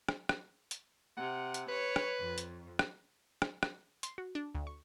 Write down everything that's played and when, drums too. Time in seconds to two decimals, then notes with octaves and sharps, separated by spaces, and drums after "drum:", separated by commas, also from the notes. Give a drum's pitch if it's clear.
0.09 drum: rim click
0.29 drum: rim click
0.71 drum: hi-hat
1.17 C3 F#5
1.54 drum: hi-hat
1.68 B4 C#5
1.96 drum: rim click
2.21 F2
2.38 drum: hi-hat
2.79 drum: rim click
3.42 drum: rim click
3.63 drum: rim click
4.03 C6, drum: hi-hat
4.18 F#4
4.35 D4
4.55 D2
4.67 C#6